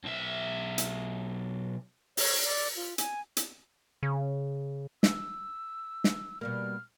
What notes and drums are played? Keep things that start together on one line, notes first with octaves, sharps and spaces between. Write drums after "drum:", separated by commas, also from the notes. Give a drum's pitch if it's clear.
B1 E5
drum: hi-hat
C#5, drum: open hi-hat
D5
F4
G#5, drum: hi-hat
drum: hi-hat
C#3
E6, drum: snare
drum: snare
B2 G3 A#3 F6